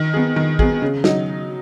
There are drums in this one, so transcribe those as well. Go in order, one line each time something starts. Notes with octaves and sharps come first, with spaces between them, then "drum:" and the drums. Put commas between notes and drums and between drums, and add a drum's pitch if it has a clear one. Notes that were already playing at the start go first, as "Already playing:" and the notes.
Already playing: D#3
B3 G#4
D#3
B3 G#4, drum: kick
C#3
F#3 D#4, drum: snare